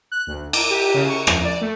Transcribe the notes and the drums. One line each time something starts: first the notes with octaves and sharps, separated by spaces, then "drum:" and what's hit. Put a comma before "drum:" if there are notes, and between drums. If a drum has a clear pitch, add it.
F#6
D2
D6, drum: cymbal
G4
C#3
C#6
F2, drum: rim click
D5
A3